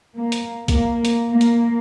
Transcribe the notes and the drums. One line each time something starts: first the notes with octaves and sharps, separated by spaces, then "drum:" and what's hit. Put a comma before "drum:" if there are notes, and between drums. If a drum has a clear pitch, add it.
A#3
drum: hi-hat
A#3, drum: kick, hi-hat
drum: hi-hat
A#3
drum: hi-hat